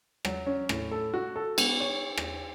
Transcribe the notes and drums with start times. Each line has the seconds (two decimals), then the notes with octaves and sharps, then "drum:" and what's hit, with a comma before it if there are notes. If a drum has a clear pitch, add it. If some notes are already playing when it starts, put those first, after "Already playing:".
0.25 F#3, drum: rim click
0.46 C#4
0.69 A2, drum: rim click
0.91 A4
1.14 F#4
1.36 A4
1.58 B3, drum: cymbal
1.80 C#5
2.17 drum: rim click